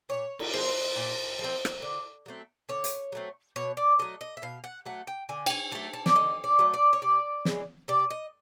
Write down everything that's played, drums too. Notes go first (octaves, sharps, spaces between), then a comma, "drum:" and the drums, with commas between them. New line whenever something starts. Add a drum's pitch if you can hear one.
A#2 C#5
drum: cymbal
F3 G#3 C4 C5
A#2
F3 G#3
C4
drum: rim click
D3
F#3 A3 C4
D3 C#5
drum: hi-hat
F#3 A3 C4
B2 C#5
D5
F#3 A3 D#5
D#5
E5
B2 F5
F#5
F#3 A3 F#5
G5
D3 G#5
G5, drum: cymbal
G#5
F#3 A3 A5
A5
D5, drum: snare
D3 D#5
D5
F#3 A3
D5
C#5
C3 D5
E3 G#3 C#4, drum: snare
C3 D5
D#5